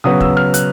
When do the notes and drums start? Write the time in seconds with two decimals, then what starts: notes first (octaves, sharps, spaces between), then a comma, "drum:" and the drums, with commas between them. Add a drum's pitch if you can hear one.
0.04 C#3 F#3 B3 D#6
0.21 E6, drum: kick
0.37 F6
0.54 F#6, drum: hi-hat